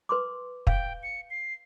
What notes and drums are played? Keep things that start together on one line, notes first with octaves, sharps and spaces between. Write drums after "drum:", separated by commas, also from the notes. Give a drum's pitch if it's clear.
B4 C6 D6
F5 G5, drum: kick
C#7
C7